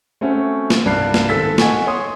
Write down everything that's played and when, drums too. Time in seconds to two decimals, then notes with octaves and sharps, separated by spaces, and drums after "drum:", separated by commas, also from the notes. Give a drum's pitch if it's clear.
0.21 A3 C4 C#4 F#4
0.70 drum: snare
0.85 C2 G2 D5 F6 F#6 C7
1.14 drum: snare
1.29 G#2 D#3 A4 E6 A6 B6
1.58 D#5 F#5 G#5 C#6, drum: snare
1.87 C#5 G#5 C6 D#6